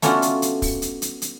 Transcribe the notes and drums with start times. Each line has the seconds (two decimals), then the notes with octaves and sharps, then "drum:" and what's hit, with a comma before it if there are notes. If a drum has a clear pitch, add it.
0.02 A3 B3 C#4 D4 F4 F#4, drum: hi-hat
0.22 drum: hi-hat
0.42 drum: hi-hat
0.62 drum: kick, open hi-hat
0.82 drum: hi-hat
1.02 drum: hi-hat
1.22 drum: hi-hat